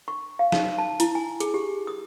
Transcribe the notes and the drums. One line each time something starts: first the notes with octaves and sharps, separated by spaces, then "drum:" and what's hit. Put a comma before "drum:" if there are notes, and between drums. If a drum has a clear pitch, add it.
C#6
F5
D#4, drum: snare
A5
E4, drum: hi-hat
G#5
G#4, drum: hi-hat
G4
D#6